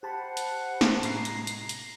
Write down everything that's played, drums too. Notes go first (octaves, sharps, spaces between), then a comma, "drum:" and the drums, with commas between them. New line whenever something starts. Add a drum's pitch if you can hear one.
G4 C5 F#5 A5 B5
drum: hi-hat
drum: snare
A2 C3 G#3 A#5 C7, drum: hi-hat
drum: hi-hat
drum: hi-hat
drum: hi-hat